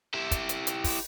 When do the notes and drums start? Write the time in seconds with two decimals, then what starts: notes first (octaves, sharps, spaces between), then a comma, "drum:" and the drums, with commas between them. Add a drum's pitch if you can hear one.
0.14 E4 G4
0.31 drum: kick, hi-hat
0.49 drum: hi-hat
0.67 drum: hi-hat
0.84 drum: kick, open hi-hat